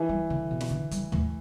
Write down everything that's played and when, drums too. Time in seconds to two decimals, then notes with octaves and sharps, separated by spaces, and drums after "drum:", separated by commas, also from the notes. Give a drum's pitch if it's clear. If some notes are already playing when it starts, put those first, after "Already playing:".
Already playing: E3
0.09 G3
0.30 D3
0.51 B2
0.61 drum: snare
0.71 D3
0.91 G3, drum: hi-hat
1.12 A3, drum: tom